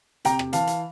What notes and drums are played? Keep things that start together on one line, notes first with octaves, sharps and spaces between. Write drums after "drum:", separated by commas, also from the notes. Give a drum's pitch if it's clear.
C3 G5 A#5, drum: hi-hat
drum: rim click
E3 F5 A5, drum: hi-hat
drum: hi-hat